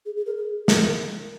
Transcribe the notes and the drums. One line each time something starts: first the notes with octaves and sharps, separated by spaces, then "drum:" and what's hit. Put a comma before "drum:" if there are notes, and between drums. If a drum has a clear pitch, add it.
G#4
G#4
A#4
G#4
A#4, drum: snare